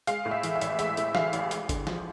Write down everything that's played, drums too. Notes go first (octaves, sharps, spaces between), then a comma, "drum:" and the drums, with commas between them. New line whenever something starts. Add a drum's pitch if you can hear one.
G#3 F5, drum: hi-hat
A2
E5
E3, drum: hi-hat
E5
A1, drum: hi-hat
G#3 E5, drum: hi-hat
A2, drum: hi-hat
E3 F5, drum: snare
A1, drum: hi-hat
G#3, drum: hi-hat
D3, drum: kick G1, hi-hat
F3, drum: snare